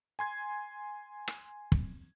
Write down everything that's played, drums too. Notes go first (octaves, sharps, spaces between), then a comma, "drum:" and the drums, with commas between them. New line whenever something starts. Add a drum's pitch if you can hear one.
G#5 C6 G#6
drum: rim click
drum: kick